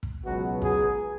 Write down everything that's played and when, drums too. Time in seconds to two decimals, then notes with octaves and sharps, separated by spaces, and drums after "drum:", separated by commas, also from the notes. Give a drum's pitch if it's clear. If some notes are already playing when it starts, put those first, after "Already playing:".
0.03 drum: kick
0.24 C#2 B2 F#3 B3 F#4
0.62 G#4, drum: kick